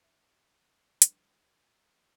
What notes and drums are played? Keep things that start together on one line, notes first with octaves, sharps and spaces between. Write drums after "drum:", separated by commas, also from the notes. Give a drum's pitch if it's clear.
E5 C#7
E3 F#3 G#3 D4 E4 B4, drum: hi-hat